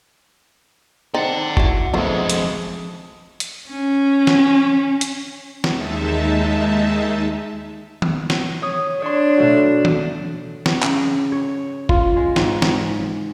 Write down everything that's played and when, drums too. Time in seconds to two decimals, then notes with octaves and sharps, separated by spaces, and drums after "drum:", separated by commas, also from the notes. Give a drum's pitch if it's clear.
1.14 C4 D#4 D5 F#5
1.57 E4 F#4, drum: kick
1.94 F2 G#3 A3 B3 F4
2.30 drum: hi-hat
3.40 drum: hi-hat
3.69 C#4
4.27 drum: snare
5.01 drum: hi-hat
5.64 D#2 G#3 D#4 E5 A5, drum: snare
8.02 drum: tom D#3
8.30 drum: snare
8.62 C#5 D#6
9.02 D4 C#5 C6
9.38 B2 A3 F#4
9.85 drum: tom D#3
10.66 drum: snare
10.83 C#3, drum: clap
11.32 C#5
11.89 F4, drum: kick
12.17 G#3
12.36 G#2, drum: snare
12.62 drum: snare